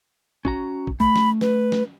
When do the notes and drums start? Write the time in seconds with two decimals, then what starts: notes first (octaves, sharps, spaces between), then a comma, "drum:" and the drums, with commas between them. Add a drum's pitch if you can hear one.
0.45 C#4 F#4 A#5, drum: kick
0.87 drum: kick
1.00 A3 B5, drum: kick
1.16 drum: snare
1.41 B4, drum: snare
1.72 drum: snare